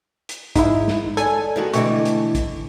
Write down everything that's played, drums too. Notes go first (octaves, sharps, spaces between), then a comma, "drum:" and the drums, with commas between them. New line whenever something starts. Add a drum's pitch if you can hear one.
drum: hi-hat
G#2 D#4 E4, drum: kick, hi-hat
drum: snare
A4 C#5 D5 G#5, drum: hi-hat
D#3 G#3 F#4
B2 D3 E3 A3 D#5 G5 C#6, drum: hi-hat
drum: hi-hat
drum: kick, hi-hat